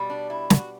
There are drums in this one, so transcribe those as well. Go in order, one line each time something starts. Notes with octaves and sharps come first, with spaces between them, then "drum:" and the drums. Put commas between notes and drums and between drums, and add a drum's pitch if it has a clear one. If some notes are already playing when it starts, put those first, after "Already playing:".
Already playing: B2 G3
D4
E4
F#4, drum: snare